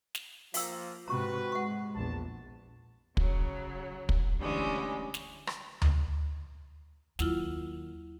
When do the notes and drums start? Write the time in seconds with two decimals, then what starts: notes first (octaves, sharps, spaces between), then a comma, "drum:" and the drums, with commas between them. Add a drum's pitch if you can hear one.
0.15 drum: snare
0.54 F3 A#3 F5 G5 E6, drum: open hi-hat
1.08 G#2 C3 F#4 B4 A#5 C#6
1.52 G#3 F#5 C#6
1.95 A#1 E2 A5
3.17 C#3 F#3, drum: kick
4.09 drum: kick
4.38 D2 D3 E3 G3 G#3 C#4
5.14 drum: snare
5.47 drum: rim click
5.82 drum: tom D2
7.19 D#2 F#3 E4 F4, drum: snare